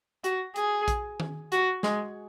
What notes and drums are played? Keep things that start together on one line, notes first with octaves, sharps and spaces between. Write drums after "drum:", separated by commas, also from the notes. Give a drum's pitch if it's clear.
F#4, drum: hi-hat
G#4, drum: hi-hat
drum: kick, hi-hat
drum: tom D#3
F#4, drum: hi-hat
G#3, drum: snare